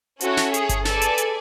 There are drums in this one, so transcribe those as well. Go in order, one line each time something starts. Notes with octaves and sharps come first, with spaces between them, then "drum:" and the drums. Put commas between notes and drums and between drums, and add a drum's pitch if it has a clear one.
C#4 E4 F#4 A4 C#5, drum: hi-hat
drum: snare
G#4, drum: hi-hat
drum: kick G1, hi-hat
G#4 A4 B4 D5 G#5, drum: snare
drum: hi-hat
drum: hi-hat